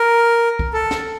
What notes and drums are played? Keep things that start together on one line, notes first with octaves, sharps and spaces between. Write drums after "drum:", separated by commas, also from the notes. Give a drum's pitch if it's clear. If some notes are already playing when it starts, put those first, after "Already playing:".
Already playing: A#4
drum: kick
A4
drum: snare